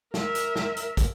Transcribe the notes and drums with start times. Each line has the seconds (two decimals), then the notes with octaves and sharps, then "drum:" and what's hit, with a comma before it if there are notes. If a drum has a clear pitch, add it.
0.14 A#4 E5, drum: snare
0.35 drum: hi-hat
0.56 drum: snare
0.76 drum: hi-hat
0.97 drum: kick, hi-hat